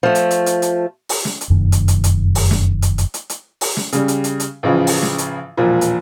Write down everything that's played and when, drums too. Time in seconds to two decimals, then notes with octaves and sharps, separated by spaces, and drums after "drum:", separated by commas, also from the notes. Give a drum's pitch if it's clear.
0.03 F3 A3
0.15 drum: hi-hat
0.31 drum: hi-hat
0.46 drum: hi-hat
0.62 drum: hi-hat
1.09 drum: open hi-hat
1.25 drum: snare
1.41 drum: hi-hat
1.50 F1 F#2 D#3 A#3
1.72 drum: hi-hat
1.88 drum: hi-hat
2.04 drum: hi-hat
2.35 drum: open hi-hat
2.51 drum: snare
2.82 drum: hi-hat
2.98 drum: hi-hat
3.14 drum: hi-hat
3.29 drum: hi-hat
3.61 drum: open hi-hat
3.77 drum: snare
3.92 C#3 G3, drum: hi-hat
4.08 drum: hi-hat
4.24 drum: hi-hat
4.40 drum: hi-hat
4.63 A1 C#3 F3
4.87 drum: open hi-hat
5.03 drum: snare
5.18 drum: hi-hat
5.57 E1 A#2 F3
5.81 drum: hi-hat